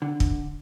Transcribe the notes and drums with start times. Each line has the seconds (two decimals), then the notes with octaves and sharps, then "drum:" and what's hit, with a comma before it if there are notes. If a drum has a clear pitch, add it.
0.02 D3
0.20 drum: kick